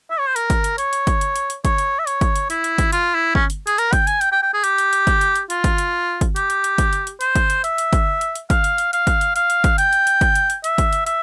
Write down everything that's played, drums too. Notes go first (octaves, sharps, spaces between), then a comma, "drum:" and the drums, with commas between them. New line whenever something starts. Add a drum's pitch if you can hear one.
E5
C#5
C5
A#4, drum: hi-hat
drum: kick, hi-hat
drum: hi-hat
C#5, drum: hi-hat
drum: hi-hat
drum: kick, hi-hat
drum: hi-hat
drum: hi-hat
drum: hi-hat
C#5, drum: kick, hi-hat
drum: hi-hat
E5
C#5, drum: hi-hat
drum: kick, hi-hat
drum: hi-hat
E4, drum: hi-hat
drum: hi-hat
drum: kick, hi-hat
F4, drum: hi-hat
E4
C#4, drum: kick
drum: hi-hat
G#4, drum: hi-hat
A#4, drum: hi-hat
G5, drum: kick, hi-hat
G#5, drum: hi-hat
G5, drum: hi-hat
G5
G5
G#4
G4, drum: hi-hat
drum: hi-hat
drum: hi-hat
drum: kick, hi-hat
drum: hi-hat
drum: hi-hat
F4, drum: hi-hat
drum: kick, hi-hat
drum: hi-hat
drum: kick, hi-hat
G4, drum: hi-hat
drum: hi-hat
drum: hi-hat
drum: kick, hi-hat
drum: hi-hat
drum: hi-hat
C5, drum: hi-hat
drum: kick, hi-hat
drum: hi-hat
E5, drum: hi-hat
drum: hi-hat
drum: kick, hi-hat
drum: hi-hat
drum: hi-hat
F5, drum: kick, hi-hat
drum: hi-hat
drum: hi-hat
F5, drum: hi-hat
drum: kick, hi-hat
drum: hi-hat
F5, drum: hi-hat
drum: hi-hat
drum: kick, hi-hat
G5, drum: hi-hat
drum: hi-hat
drum: hi-hat
drum: kick, hi-hat
drum: hi-hat
drum: hi-hat
E5, drum: hi-hat
drum: kick, hi-hat
drum: hi-hat
E5, drum: hi-hat